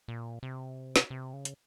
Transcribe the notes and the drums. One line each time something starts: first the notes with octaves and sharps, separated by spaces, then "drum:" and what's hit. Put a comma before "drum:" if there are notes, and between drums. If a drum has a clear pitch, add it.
A#2
C3
drum: snare
C3
C#3
drum: hi-hat